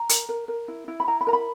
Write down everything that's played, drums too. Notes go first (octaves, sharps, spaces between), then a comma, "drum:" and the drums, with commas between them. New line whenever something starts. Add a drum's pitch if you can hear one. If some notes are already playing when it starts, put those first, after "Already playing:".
Already playing: A#5
A#4, drum: hi-hat
A#4
A#4
E4
E4
B5
E4 A#5
B5
A#4 A#5
B5